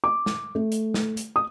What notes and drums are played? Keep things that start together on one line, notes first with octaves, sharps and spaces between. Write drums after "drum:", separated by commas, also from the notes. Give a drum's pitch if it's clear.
D6
drum: snare
A3
drum: hi-hat
drum: snare
drum: hi-hat
D#6